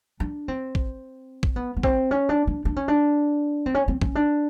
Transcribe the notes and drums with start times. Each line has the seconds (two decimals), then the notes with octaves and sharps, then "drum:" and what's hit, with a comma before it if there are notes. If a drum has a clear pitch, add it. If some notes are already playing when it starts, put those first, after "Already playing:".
0.20 D4
0.48 C4
0.75 drum: kick A#1
1.43 drum: kick A#1
1.56 B3
1.77 B3
1.83 C4, drum: kick A#1
2.11 C#4
2.29 D4
2.47 D4
2.65 D4
2.76 C#4
2.88 D4
3.66 C4
3.75 C#4
3.88 C4
4.01 C#4, drum: kick A#1
4.15 D4